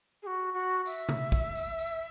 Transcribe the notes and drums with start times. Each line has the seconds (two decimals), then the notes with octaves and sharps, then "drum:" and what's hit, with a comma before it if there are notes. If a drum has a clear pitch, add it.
0.22 G#4
0.27 F#4
0.54 F#4
0.86 E5, drum: tambourine
1.09 drum: tom C3
1.32 drum: kick, tambourine
1.55 drum: tambourine
1.79 drum: tambourine